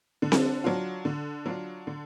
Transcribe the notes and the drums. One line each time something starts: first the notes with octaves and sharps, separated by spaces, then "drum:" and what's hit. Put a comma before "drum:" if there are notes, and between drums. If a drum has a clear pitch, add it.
D3
drum: snare C4
F#3 D4 F4
D3
F#3 D4 F4
D3